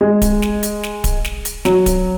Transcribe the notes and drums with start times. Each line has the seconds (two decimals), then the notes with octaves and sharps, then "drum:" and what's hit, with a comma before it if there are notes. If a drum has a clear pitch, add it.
0.01 G#3
0.22 drum: kick D1, hi-hat
0.42 drum: snare
0.63 drum: hi-hat
0.83 drum: snare
1.04 drum: kick D1, hi-hat
1.25 drum: snare
1.45 drum: hi-hat
1.65 F#3, drum: snare
1.86 drum: kick D1, hi-hat